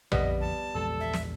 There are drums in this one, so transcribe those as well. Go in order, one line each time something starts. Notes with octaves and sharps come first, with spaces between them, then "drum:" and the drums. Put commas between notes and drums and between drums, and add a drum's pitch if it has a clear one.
F2 D3 G3 B3 D#5, drum: tom A#1
A5
A#1 E2 G#3 A4
E5
drum: snare